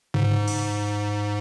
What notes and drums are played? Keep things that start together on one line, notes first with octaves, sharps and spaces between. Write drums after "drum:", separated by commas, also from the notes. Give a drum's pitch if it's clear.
G#2, drum: tom C3
drum: cymbal